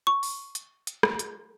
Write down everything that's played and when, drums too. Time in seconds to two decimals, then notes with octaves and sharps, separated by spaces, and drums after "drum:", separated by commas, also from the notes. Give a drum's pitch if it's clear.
0.07 C#6
0.23 drum: open hi-hat
0.55 drum: hi-hat
0.87 drum: hi-hat
1.03 drum: rim click
1.19 drum: hi-hat